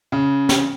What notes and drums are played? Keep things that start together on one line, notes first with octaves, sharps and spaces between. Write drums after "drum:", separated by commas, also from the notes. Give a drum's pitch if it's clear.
C#3
drum: snare